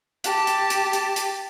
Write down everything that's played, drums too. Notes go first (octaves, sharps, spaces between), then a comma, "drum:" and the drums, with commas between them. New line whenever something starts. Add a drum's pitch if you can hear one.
G4 A5, drum: hi-hat
drum: hi-hat
drum: hi-hat
drum: hi-hat
drum: hi-hat